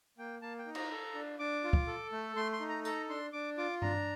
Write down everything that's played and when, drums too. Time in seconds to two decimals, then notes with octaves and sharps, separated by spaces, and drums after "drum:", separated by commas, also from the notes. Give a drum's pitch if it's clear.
0.18 A#3 G5
0.42 A#3 A5
0.59 G5
0.66 D#4
0.75 A#5, drum: cymbal
0.91 A4
1.14 D4
1.39 D4 D6
1.64 F4
1.73 drum: kick
1.87 A4
2.12 A3
2.36 A3 C6
2.53 C6
2.60 D#4
2.69 A#5
2.85 A4 A#5, drum: tambourine
3.09 D4 C6
3.33 D4 D6
3.58 F4 D6
3.82 D4 A#5, drum: tom G2